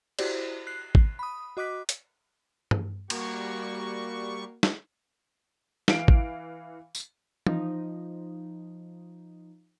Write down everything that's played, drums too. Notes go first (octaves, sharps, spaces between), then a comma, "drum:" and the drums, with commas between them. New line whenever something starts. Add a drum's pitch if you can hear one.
E4 F#4 G4 C5 D5, drum: cymbal
F#6 C7
drum: kick G#1
B5 D#6
F#4 D#5 D6 F#6 B6
drum: hi-hat
drum: tom G2
G3 A#3 F#4 C#6, drum: cymbal
drum: snare
E3 F5 D7, drum: snare
drum: kick G#1
drum: tambourine
F3 D#4, drum: tom E3